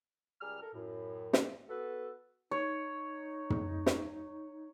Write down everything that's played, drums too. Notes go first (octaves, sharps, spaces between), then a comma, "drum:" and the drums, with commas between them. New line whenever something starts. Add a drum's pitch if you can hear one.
C#2 G3 G#4 A#5 F6
A4 A#4
F#2 A2
drum: snare
B3 F#4 A4 B4
D#4 C#5
drum: tom
drum: snare